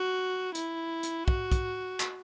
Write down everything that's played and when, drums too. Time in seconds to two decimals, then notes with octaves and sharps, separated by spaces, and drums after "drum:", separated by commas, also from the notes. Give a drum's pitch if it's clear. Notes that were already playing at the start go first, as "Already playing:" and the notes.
Already playing: F#4
0.55 E4, drum: hi-hat
1.03 drum: hi-hat
1.28 F#4, drum: kick
1.52 drum: kick, hi-hat
2.00 drum: clap